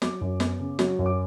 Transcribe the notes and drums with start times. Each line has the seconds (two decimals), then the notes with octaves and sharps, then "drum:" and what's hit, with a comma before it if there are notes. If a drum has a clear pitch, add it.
0.02 F#3 D6, drum: snare
0.21 F#2
0.40 B3, drum: snare
0.60 C#3
0.79 F#3, drum: snare
0.99 F#2
1.06 D6